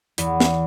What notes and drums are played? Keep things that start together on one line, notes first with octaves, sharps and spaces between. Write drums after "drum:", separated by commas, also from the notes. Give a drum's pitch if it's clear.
E2, drum: hi-hat
drum: snare